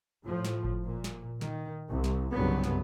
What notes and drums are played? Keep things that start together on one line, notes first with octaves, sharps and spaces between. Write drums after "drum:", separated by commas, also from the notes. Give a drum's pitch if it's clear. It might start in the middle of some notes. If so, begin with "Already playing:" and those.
A2 F3
drum: snare
drum: kick G1
A#2
drum: snare
D#3, drum: snare
C2
drum: snare
C2 G2 C#3 F#3 B3
drum: snare